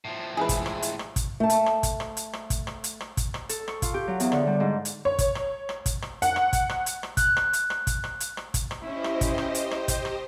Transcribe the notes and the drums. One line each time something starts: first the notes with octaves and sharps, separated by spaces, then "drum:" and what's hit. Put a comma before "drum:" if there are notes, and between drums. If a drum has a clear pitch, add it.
A2 F3
E3 G#3 E4 G#4 B4
drum: kick, hi-hat
drum: rim click
drum: hi-hat
drum: rim click
drum: kick, hi-hat
A3 A5
drum: hi-hat
drum: rim click
drum: kick, hi-hat
drum: rim click
drum: hi-hat
drum: rim click
drum: kick, hi-hat
drum: rim click
drum: hi-hat
drum: rim click
drum: kick, hi-hat
drum: rim click
A4, drum: hi-hat
C#6, drum: rim click
F4, drum: kick, hi-hat
G4
F#3
E2, drum: hi-hat
D3, drum: rim click
G3
G#2
drum: hi-hat
C#5
drum: kick, hi-hat
drum: rim click
drum: rim click
drum: kick, hi-hat
drum: rim click
F#5, drum: hi-hat
drum: rim click
drum: kick, hi-hat
drum: rim click
drum: hi-hat
drum: rim click
F#6, drum: kick, hi-hat
drum: rim click
drum: hi-hat
drum: rim click
drum: kick, hi-hat
drum: rim click
drum: hi-hat
drum: rim click
drum: kick, hi-hat
drum: rim click
C#4 E4 G4 C5 D#5
drum: rim click
drum: kick, hi-hat
drum: rim click
drum: hi-hat
drum: rim click
drum: kick, hi-hat
drum: rim click